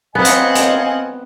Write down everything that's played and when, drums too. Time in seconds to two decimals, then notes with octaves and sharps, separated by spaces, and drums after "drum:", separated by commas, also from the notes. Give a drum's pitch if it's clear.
0.15 B3 C4 D#5 F5 F#5 G#5
0.25 drum: hi-hat
0.55 drum: hi-hat